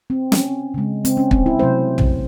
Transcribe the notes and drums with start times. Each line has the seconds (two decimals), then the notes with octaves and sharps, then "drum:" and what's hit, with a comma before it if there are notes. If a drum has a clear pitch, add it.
0.10 C4
0.32 C#4, drum: snare
0.74 C#3 G#3
1.05 C4, drum: hi-hat
1.17 C#4
1.31 C4, drum: kick
1.46 E4
1.59 C3 F#3 A3 C5
1.98 drum: tom